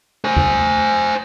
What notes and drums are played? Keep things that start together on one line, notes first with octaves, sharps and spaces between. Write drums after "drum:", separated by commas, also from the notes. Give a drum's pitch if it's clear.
C5 G#5
drum: tom E2